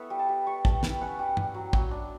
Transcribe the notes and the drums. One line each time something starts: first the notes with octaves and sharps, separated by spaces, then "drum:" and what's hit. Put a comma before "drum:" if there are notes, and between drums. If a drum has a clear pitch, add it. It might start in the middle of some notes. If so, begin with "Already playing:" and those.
Already playing: B3 E4 A4 B4 C#5 E5
G3
A5
G3
G3 C#6
G3 A5, drum: kick
E4 G5, drum: snare
C#4 F#5
G3
G3, drum: tom
F#3
F#3, drum: kick
D4